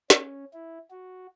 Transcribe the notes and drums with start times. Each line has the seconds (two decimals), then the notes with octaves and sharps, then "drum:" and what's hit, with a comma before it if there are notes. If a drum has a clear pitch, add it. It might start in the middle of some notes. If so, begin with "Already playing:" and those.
0.10 C#4, drum: snare
0.53 E4
0.91 F#4